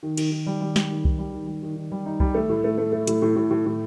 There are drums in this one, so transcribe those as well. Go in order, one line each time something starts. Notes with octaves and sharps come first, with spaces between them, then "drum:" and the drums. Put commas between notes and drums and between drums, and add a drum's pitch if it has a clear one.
D#3
D#3, drum: cymbal
D#3
G3
G3
G3, drum: snare
D#3
D#3, drum: kick C2
G3
D#3
G3
D#3
D#3
G3
D#4
G3, drum: kick C2
A3
A2
A3
A3
A3
A2, drum: hi-hat
A2
A2
A2
A2